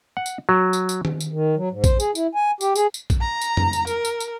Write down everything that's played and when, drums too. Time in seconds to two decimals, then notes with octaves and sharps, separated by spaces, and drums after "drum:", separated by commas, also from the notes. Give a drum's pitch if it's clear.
0.17 F#5
0.26 drum: tambourine
0.49 F#3
0.73 drum: tambourine
0.89 drum: tambourine
1.05 drum: tom D#3
1.20 drum: tambourine
1.32 D#3
1.57 F#3
1.71 G#2
1.84 C5, drum: kick A#1, tambourine
2.00 G#4, drum: tambourine
2.15 E4, drum: tambourine
2.35 G#5
2.61 G4, drum: tambourine
2.76 G#4, drum: tambourine
2.94 drum: tambourine
3.10 drum: kick A#1, tambourine
3.21 A#5
3.41 drum: tambourine
3.57 drum: tom F2
3.73 drum: tambourine
3.87 A#4, drum: tambourine
4.05 drum: tambourine
4.20 drum: tambourine